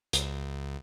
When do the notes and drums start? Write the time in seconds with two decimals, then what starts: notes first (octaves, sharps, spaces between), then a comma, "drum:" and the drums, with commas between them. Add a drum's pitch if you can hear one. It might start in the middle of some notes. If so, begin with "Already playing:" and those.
0.13 C#2, drum: hi-hat